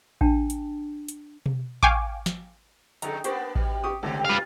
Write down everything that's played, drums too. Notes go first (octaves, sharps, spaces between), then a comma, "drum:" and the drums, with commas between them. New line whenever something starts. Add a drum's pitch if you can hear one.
D4 G5 A5, drum: kick A1
drum: hi-hat
drum: hi-hat
drum: tom B2
F5 G5 G#5 C#6 D6, drum: kick A1
drum: snare
F2 D3 D#4 G#4 A4 A#5, drum: hi-hat
A#3 B3 D4 G4 C5 C#6, drum: hi-hat
F#2 B2 G3, drum: kick A1
G4 C#6 D#6
C#2 D3 A3 C4 G4 A4
C4 D#4 F4 B4 F5